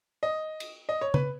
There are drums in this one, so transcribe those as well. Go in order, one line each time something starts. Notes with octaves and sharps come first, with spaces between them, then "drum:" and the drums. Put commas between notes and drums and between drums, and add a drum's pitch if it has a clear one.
D#5
drum: cymbal
D#5
C#5
B4, drum: tom